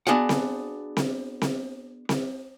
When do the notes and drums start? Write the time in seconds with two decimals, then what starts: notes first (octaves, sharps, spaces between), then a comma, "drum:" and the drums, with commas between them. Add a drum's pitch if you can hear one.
0.07 B3 D4 F#4 G#4 F5 F#5
0.29 drum: snare C4
0.97 drum: snare C4
1.42 drum: snare C4
2.09 drum: snare C4